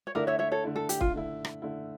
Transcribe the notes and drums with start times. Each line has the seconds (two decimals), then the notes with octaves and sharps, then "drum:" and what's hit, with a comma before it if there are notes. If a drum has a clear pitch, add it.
0.07 C#5
0.15 D3 A3 E4 A#4 D5
0.27 C#5 E5
0.39 C#5 E5
0.52 A4 C#5
0.64 D3 A3 E4
0.76 A4
0.89 G4, drum: hi-hat
1.01 F4, drum: kick
1.13 D3 A3 E4
1.45 drum: rim click
1.62 D3 A3 E4